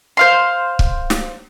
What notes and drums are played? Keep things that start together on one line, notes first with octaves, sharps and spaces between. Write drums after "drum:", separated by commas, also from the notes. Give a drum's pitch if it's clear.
C5 F5 C6
drum: kick
drum: snare